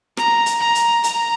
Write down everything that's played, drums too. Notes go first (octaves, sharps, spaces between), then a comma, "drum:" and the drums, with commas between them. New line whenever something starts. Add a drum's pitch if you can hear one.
A#5, drum: rim click
drum: hi-hat
A#5
drum: hi-hat
A#5, drum: hi-hat